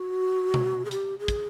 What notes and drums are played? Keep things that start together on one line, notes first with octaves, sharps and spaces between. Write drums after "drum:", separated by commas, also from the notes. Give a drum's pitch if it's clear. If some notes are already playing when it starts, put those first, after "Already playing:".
Already playing: F#4
drum: tom B2
G#4
G4, drum: hi-hat
G#4
drum: kick, hi-hat